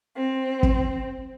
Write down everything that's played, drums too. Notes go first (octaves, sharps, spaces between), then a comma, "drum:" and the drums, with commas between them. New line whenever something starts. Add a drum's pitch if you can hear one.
C4
drum: kick